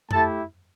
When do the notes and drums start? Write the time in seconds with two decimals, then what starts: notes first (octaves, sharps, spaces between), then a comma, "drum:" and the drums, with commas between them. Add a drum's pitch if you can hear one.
0.11 A3 E4 G4 A4 A5, drum: tom F2